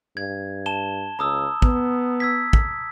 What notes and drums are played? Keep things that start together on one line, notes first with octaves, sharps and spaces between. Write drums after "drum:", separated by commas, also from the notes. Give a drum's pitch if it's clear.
G2 G#6
A5 E7 G7
C#2 A#5 D#6 E6
B3, drum: kick
E6 G#6 B6
drum: kick